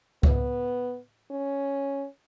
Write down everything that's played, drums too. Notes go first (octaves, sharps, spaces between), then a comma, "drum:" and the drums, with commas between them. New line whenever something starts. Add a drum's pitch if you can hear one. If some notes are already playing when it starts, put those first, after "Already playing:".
B3, drum: kick C#2
C#4